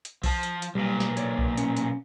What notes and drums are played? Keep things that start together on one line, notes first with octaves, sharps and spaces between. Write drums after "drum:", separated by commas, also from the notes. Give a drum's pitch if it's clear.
drum: hi-hat
F3 A5, drum: kick B1, open hi-hat
drum: hi-hat
drum: hi-hat
B1 A#2 G3
drum: snare
C#5 D5, drum: hi-hat
drum: kick B1
C#4, drum: hi-hat
drum: hi-hat